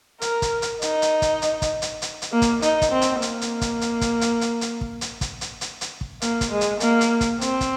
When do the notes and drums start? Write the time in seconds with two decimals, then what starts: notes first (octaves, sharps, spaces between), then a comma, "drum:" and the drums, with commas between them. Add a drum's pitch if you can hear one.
0.21 A#4, drum: hi-hat
0.42 drum: kick, hi-hat
0.62 drum: hi-hat
0.82 D#4, drum: hi-hat
1.02 drum: hi-hat
1.22 drum: kick, hi-hat
1.42 drum: hi-hat
1.62 drum: kick, hi-hat
1.82 drum: hi-hat
2.02 drum: hi-hat
2.22 drum: hi-hat
2.32 A#3
2.42 drum: kick, hi-hat
2.62 D#4, drum: hi-hat
2.82 drum: kick, hi-hat
2.91 C4
3.02 drum: hi-hat
3.22 A#3, drum: hi-hat
3.41 drum: hi-hat
3.61 drum: kick, hi-hat
3.81 drum: hi-hat
4.01 drum: kick, hi-hat
4.21 drum: hi-hat
4.41 drum: hi-hat
4.61 drum: hi-hat
4.81 drum: kick
5.01 drum: hi-hat
5.21 drum: kick, hi-hat
5.41 drum: hi-hat
5.61 drum: hi-hat
5.81 drum: hi-hat
6.01 drum: kick
6.22 A#3, drum: hi-hat
6.41 drum: kick, hi-hat
6.51 G#3
6.61 drum: hi-hat
6.80 A#3, drum: hi-hat
7.01 drum: hi-hat
7.21 drum: kick, hi-hat
7.41 C4, drum: hi-hat
7.61 drum: kick, hi-hat